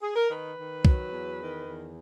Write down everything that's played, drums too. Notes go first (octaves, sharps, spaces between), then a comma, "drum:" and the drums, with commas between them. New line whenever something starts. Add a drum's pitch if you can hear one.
G#4
A#4
D#3 B4
D#3
F#3, drum: kick
E2
D#3
E2